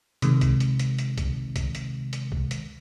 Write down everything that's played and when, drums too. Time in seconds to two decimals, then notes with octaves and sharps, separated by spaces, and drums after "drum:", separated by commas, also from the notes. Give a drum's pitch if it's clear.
0.22 C3 D#3 G#3, drum: hi-hat
0.41 drum: kick B1, hi-hat
0.60 drum: hi-hat
0.79 drum: hi-hat
0.99 drum: hi-hat
1.18 drum: kick B1, hi-hat
1.56 drum: kick B1, hi-hat
1.75 drum: hi-hat
2.13 drum: hi-hat
2.32 drum: kick B1
2.51 drum: hi-hat